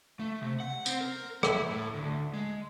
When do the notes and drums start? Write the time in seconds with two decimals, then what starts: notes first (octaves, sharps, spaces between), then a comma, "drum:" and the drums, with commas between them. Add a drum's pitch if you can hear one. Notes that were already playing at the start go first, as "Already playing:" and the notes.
0.20 A3
0.41 C3
0.60 F#5
0.86 C4, drum: tambourine
1.00 A#4
1.43 E4, drum: rim click
1.70 A2
1.94 D2
2.33 G#3